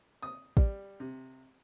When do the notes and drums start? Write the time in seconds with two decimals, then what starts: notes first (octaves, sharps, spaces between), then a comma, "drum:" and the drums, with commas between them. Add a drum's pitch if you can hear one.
0.23 D#6
0.57 G3, drum: kick A1
1.00 C3